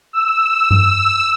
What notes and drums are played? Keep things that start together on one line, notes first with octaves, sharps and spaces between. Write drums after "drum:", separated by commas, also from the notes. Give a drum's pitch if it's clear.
E6
drum: tom G2